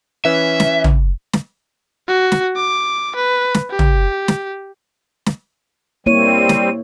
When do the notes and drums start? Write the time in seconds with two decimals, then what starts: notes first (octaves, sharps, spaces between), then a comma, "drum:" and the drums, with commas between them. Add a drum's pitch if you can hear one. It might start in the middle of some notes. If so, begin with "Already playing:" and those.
0.25 E3 C#4 B4 E5
0.60 drum: snare
0.84 drum: tom
1.33 drum: snare
2.08 F#4
2.32 drum: snare
2.56 D6
3.15 B4
3.54 drum: snare
3.70 G4
3.79 drum: tom
4.28 drum: snare
5.26 drum: snare
6.06 G3 A#3 C4 E4 C#5 D#7
6.49 drum: snare